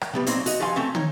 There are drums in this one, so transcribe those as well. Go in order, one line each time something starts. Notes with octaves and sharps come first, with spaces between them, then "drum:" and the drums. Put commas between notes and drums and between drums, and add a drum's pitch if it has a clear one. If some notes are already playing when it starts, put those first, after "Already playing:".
drum: rim click
C3 G3 B3
A#2 F#3 C4 D#4, drum: hi-hat
F#4 D#5, drum: open hi-hat
G2 F3 F#4 F5 G#5 C6
A3 C4 C#4
D#4 C#5, drum: tom